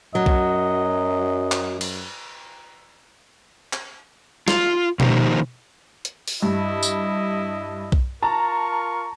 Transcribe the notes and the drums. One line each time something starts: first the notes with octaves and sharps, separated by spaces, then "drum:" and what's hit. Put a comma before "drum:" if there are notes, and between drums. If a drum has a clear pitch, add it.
F#2 F#3 D#5
drum: kick B1
drum: clap
drum: cymbal
drum: clap
F4, drum: snare
D#3 F3 A#3 D#4 G4 C5, drum: tom B2
drum: hi-hat
drum: open hi-hat
G2 E4 D#5
drum: tambourine
drum: kick B1
F4 A#4 A5 A#5 C#6